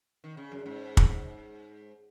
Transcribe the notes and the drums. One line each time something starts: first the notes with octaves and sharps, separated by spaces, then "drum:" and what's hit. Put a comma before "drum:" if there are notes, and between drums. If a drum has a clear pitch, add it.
D#3
C#3
F#2
G#2
drum: kick
G#2